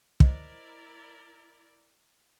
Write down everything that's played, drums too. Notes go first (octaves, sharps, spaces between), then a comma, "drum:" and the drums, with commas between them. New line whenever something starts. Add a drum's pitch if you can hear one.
E4 A#4 C5 D5 D#5, drum: kick